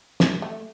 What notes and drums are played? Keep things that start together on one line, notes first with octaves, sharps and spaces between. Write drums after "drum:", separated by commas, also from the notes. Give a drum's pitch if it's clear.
G#3, drum: snare
A3